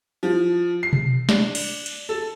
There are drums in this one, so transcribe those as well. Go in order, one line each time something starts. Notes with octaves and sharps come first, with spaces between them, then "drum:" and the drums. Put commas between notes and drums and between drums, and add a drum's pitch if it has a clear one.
F3
C7
drum: tom B2
D4, drum: snare
drum: cymbal
drum: cymbal
A4